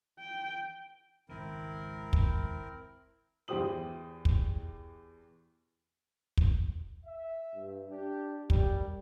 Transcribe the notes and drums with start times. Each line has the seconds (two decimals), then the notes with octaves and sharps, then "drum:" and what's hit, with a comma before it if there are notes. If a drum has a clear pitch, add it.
0.19 G5
1.29 G#1 C#2 D#3 C4 E4 A#4
2.13 drum: kick
3.48 E2 E3 G4 C5 D#6 F#7
4.25 drum: kick
6.37 drum: kick
7.05 E5
7.54 G2
7.90 D4 G4
8.50 F#2 G3, drum: kick